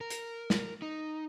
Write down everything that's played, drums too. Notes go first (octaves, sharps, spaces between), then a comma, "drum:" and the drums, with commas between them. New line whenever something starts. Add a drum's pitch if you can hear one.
A#4
drum: hi-hat
drum: snare
D#4